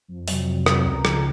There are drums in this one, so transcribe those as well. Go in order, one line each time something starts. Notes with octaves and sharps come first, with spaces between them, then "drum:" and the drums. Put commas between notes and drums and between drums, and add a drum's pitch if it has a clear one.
F2
C3 F#3, drum: open hi-hat
F2
C3 F#3, drum: rim click
C#2 A#5
C#3 F3, drum: rim click